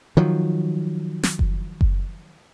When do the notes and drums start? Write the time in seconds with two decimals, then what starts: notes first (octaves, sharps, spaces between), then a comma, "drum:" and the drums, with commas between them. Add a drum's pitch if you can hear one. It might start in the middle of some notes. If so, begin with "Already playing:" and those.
0.17 D#3 F3 F#3
1.23 drum: snare
1.39 drum: kick F#1
1.81 drum: kick F#1